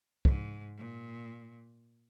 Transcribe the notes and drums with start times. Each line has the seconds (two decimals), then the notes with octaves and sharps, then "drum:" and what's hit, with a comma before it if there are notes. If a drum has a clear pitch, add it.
0.25 G#2, drum: kick
0.78 A#2